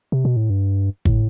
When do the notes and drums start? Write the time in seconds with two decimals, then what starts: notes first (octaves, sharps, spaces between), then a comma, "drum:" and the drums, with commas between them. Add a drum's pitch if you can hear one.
0.12 C3
0.25 B2
0.36 A2
0.50 G2
1.05 A2, drum: kick